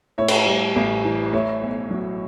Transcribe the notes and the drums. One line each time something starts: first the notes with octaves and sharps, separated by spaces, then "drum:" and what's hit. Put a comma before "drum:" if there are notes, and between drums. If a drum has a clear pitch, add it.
A2 C#5 E5
drum: cymbal
G3
A1
E3
A2 C#5 E5
B1
F#3